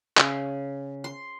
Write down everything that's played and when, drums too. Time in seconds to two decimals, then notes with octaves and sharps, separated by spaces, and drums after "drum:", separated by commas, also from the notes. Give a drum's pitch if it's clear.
0.17 C#3, drum: clap
1.04 C6